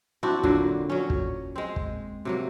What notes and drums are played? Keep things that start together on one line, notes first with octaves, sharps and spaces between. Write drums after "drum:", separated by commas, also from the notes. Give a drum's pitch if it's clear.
C4 D4 E4 F#4
A#2 D3 F#3 A#3, drum: kick
F#3 C#4
drum: kick
G#3 C4
drum: kick
C3 F#3 A#3